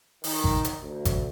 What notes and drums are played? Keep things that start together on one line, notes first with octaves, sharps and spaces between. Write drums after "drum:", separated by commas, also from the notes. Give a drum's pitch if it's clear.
D#3, drum: open hi-hat
drum: kick G#1
drum: hi-hat
D2
drum: kick G#1, hi-hat